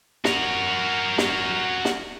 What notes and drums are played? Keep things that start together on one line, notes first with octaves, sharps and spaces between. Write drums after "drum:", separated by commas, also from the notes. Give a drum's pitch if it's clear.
F#4 A#4, drum: snare
drum: snare
drum: snare